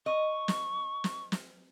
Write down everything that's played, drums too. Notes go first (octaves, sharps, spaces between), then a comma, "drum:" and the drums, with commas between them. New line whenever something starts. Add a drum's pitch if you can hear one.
D#5 C#6
drum: snare
drum: snare
drum: snare